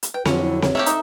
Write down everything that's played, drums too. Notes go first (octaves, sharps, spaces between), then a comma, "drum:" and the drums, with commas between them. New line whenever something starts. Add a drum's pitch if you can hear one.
drum: hi-hat
B4 G5
F2 D3 F#3 C#4 F4, drum: snare C4
E4
C#5, drum: snare C4
A3 A#3 G4 A4 E5
D#4, drum: hi-hat